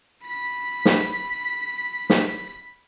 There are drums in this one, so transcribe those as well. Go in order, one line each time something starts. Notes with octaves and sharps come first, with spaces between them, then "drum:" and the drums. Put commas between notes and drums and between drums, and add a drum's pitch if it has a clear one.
B5 B6
drum: snare
drum: snare